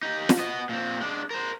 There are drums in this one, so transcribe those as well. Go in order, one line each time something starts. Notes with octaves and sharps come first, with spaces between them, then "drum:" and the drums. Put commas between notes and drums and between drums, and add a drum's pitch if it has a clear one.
D#4 G4
drum: snare
B3 D#5
A#2 C4
G#3 D4
A#4 C5